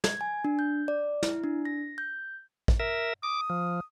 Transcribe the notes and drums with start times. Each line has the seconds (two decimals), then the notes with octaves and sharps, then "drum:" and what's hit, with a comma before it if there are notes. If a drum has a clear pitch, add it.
0.04 G#6, drum: snare
0.21 G#5
0.45 D4
0.59 G6
0.88 D5
1.23 E4, drum: snare
1.44 D4
1.65 A#6
1.98 G6
2.68 drum: kick
2.79 A#4 E5
3.23 D6 D#6
3.50 F3